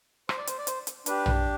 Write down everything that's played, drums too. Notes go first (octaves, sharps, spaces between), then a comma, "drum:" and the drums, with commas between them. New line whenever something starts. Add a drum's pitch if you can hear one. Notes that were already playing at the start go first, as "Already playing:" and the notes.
C5, drum: rim click
D5
C5, drum: hi-hat
D5
C5, drum: hi-hat
drum: hi-hat
D4 G4 B4, drum: hi-hat
drum: tom A#1